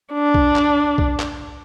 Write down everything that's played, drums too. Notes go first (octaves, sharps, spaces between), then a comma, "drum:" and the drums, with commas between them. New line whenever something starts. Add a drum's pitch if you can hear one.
D4
drum: kick B1
drum: clap
drum: kick B1
drum: clap